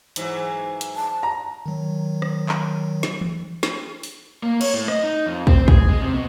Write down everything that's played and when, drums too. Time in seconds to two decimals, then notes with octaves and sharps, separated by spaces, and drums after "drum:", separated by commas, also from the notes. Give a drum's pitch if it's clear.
0.16 G#2 E3 F#3, drum: hi-hat
0.81 drum: hi-hat
0.96 A5
1.23 A#5
1.66 D#3 F#3
2.22 drum: rim click
2.49 drum: clap
3.03 drum: snare
3.21 drum: tom E3
3.63 drum: snare
4.03 drum: open hi-hat
4.43 A#3
4.61 C#5, drum: cymbal
4.74 A2
4.88 D#5, drum: rim click
5.03 D#4
5.27 F2
5.47 C4, drum: kick
5.68 G#4, drum: kick
5.89 G#3
6.02 C3
6.14 B2